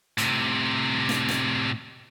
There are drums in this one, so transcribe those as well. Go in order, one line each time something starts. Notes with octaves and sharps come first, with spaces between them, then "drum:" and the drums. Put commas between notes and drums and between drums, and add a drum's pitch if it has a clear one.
A2 C3, drum: hi-hat
drum: snare
drum: snare